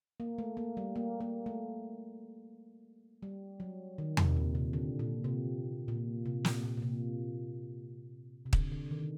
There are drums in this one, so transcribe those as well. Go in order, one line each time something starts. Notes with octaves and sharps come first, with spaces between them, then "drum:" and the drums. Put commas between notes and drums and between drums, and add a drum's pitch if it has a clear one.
A#3
A3
A#3
G3
A#3
A#3
A3
G3
F#3
D#3
C3, drum: tom E2
A#2
C3
D3
A#2
C3
A#2
C3
A#2, drum: snare
A#2
A#2
C3
C3
D3, drum: kick
D3
D#3